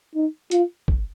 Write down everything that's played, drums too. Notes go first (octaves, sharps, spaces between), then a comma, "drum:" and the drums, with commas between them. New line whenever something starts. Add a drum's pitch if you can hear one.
D#4
F4, drum: hi-hat
drum: kick